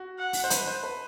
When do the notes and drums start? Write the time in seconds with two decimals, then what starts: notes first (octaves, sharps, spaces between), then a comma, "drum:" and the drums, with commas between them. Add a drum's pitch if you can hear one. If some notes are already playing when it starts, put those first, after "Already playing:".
Already playing: F#4
0.19 F#5
0.33 drum: open hi-hat
0.44 C5
0.50 B4, drum: hi-hat
0.67 C5
0.83 B4